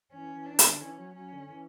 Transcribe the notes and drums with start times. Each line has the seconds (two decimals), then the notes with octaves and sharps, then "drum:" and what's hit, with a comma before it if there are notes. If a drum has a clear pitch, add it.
0.12 E3 C#4
0.35 E3
0.46 D4
0.59 D3, drum: hi-hat
0.81 E3 C#4
0.98 F#3
1.16 F#3 C#4
1.33 D3
1.50 E3